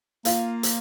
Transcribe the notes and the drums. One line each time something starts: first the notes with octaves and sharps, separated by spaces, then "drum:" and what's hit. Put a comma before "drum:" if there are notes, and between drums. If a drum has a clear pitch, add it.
A#3 F4, drum: hi-hat
drum: hi-hat